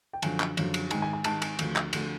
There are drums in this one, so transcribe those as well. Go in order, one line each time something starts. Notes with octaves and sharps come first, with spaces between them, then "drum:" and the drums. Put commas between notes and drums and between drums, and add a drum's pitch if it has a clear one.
G5
F#2 D3 F3 G#5, drum: cymbal
drum: clap
F#2 D3 F3, drum: cymbal
drum: cymbal
G#2 D#3 G#5, drum: cymbal
G#5
G#5
G#2 D#3 A5, drum: cymbal
G#5, drum: cymbal
D2 D3 F3, drum: cymbal
drum: clap
D2 D3 F3, drum: cymbal